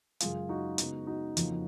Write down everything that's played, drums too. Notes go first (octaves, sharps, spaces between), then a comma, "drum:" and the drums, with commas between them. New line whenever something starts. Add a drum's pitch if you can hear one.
F#2 C#3 G#3 F4 G#4, drum: hi-hat
D#4 F#4
C#3 G#3 B3, drum: hi-hat
D#4 F#4
F2 C#3 F3 A#3, drum: hi-hat